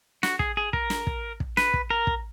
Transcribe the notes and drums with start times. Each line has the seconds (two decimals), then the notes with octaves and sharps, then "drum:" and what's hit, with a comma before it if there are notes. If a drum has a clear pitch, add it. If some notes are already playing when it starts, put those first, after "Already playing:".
0.23 F#4, drum: snare
0.39 G#4, drum: kick
0.57 G#4
0.73 A#4, drum: kick
0.90 drum: snare
1.07 drum: kick
1.40 drum: kick
1.57 B4, drum: snare
1.74 drum: kick
1.90 A#4
2.07 drum: kick